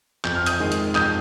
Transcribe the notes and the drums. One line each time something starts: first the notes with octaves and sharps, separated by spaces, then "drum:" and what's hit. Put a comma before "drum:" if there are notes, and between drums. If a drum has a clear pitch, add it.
F2 G6, drum: clap
F6
D#6 G6, drum: hi-hat
D#3 G#3
drum: hi-hat
F2 D#6 G6, drum: clap